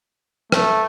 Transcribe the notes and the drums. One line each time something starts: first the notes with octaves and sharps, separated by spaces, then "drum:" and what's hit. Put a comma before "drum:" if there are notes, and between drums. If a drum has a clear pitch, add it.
A3, drum: rim click